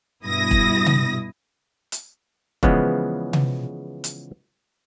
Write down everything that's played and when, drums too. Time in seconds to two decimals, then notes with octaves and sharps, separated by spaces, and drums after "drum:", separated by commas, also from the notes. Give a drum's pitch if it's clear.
0.24 G2 B2 E4 D#6 A#6
0.51 drum: kick E1
0.86 drum: tom C3
1.92 drum: hi-hat
2.63 C#3 E3 F3 G#3 B3, drum: kick E1
3.33 drum: tom C3
4.04 drum: hi-hat